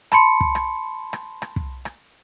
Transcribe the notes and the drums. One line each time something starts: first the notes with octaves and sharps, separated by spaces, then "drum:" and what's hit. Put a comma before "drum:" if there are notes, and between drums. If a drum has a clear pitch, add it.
A5 B5 C6 C#7, drum: rim click
drum: kick
drum: rim click
drum: rim click
drum: rim click
drum: kick
drum: rim click